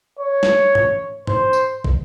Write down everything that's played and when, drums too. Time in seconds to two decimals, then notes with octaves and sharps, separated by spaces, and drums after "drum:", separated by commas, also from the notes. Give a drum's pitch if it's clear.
0.19 C#5
0.43 drum: snare
0.75 drum: tom G#2
1.27 C5, drum: tom G#2
1.53 drum: tambourine
1.84 drum: kick